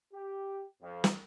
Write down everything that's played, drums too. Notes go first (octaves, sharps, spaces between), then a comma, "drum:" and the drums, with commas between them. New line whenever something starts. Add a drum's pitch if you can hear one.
G4
F2
drum: snare